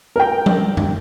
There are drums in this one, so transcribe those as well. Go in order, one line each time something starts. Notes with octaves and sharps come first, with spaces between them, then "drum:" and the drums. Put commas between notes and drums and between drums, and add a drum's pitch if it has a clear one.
A#4 G5
drum: tom F#3
drum: tom F#2